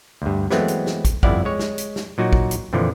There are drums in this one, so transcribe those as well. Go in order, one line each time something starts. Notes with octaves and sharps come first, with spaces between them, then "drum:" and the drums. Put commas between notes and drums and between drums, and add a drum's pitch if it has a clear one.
D2 G2
E3 F#3 G#3 A3 B3 C4, drum: snare
drum: hi-hat
drum: snare
drum: kick, hi-hat
G1 F2 E4 D5 F5 F#5, drum: kick
G#3 C#5
drum: snare
drum: hi-hat
drum: snare
A#2 F#3 D#4 F#4
drum: kick
drum: hi-hat
F2 A#2 D3 E3 F3